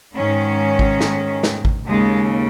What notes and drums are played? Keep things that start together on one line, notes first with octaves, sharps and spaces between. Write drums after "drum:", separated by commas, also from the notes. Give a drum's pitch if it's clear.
G#2 D#3 C#4
drum: kick G#1
drum: snare
drum: snare
drum: kick G#1
D#2 C#3 G#3